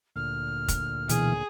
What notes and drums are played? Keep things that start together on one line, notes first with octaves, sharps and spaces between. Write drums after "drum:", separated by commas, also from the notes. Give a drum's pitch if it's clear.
D2 A#2 F6
drum: kick, hi-hat
B2 E3 G#4, drum: hi-hat